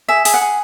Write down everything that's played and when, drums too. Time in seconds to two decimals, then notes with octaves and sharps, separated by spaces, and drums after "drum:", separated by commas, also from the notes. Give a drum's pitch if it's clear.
0.09 G#4 E5
0.25 G#4, drum: open hi-hat
0.34 F#5
0.41 G#4